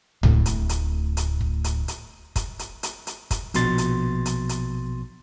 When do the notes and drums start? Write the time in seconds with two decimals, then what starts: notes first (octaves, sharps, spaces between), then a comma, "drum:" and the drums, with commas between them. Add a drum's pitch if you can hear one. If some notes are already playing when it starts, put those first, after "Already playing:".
0.23 D1 A2, drum: tom C#2
0.46 drum: hi-hat
0.69 drum: hi-hat
1.17 drum: hi-hat
1.41 drum: kick
1.64 drum: hi-hat
1.88 drum: hi-hat
2.36 drum: kick, hi-hat
2.59 drum: hi-hat
2.83 drum: hi-hat
3.07 drum: hi-hat
3.31 drum: kick, hi-hat
3.54 A#1 B2 C6 A6, drum: hi-hat
3.78 drum: hi-hat
4.25 drum: hi-hat
4.49 drum: hi-hat